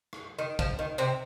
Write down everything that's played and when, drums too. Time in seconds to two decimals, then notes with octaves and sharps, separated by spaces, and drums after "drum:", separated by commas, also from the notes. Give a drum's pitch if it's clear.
0.13 drum: rim click
0.39 D#3
0.59 F3, drum: kick
0.79 D#3
0.98 C3 C4